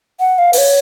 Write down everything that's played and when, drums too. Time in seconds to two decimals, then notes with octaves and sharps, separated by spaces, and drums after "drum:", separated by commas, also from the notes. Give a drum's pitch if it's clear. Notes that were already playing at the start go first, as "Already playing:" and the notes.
0.20 F#5
0.38 F5
0.53 B4, drum: open hi-hat
0.58 C#5